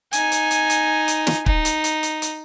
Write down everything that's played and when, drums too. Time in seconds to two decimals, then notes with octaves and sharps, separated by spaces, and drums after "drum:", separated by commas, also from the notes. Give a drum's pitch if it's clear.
0.13 D#4 G#5, drum: hi-hat
0.32 drum: hi-hat
0.51 drum: hi-hat
0.70 drum: hi-hat
1.08 drum: hi-hat
1.27 drum: snare
1.46 D#4, drum: kick
1.65 drum: hi-hat
1.84 drum: hi-hat
2.03 drum: hi-hat
2.22 drum: hi-hat